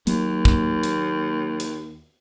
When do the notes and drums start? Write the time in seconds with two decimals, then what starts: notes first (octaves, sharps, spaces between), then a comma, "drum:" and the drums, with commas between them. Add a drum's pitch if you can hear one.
0.07 D#2 F#3 A#3, drum: hi-hat
0.45 drum: kick
0.83 drum: hi-hat
1.60 drum: hi-hat